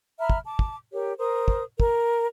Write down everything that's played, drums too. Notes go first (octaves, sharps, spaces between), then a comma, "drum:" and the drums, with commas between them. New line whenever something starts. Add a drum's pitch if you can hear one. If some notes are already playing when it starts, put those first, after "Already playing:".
E5 A#5 B5 F6
drum: kick
A5 D6
drum: kick
G4 A#4 C#5
A#4 C5 D#6
drum: kick
A#4, drum: kick